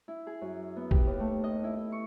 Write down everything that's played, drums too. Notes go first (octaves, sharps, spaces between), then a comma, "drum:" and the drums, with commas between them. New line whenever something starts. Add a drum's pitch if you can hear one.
E4
G#4
F#2
B3
G4, drum: kick
D#2
A3
D#5
E4
E4
C#6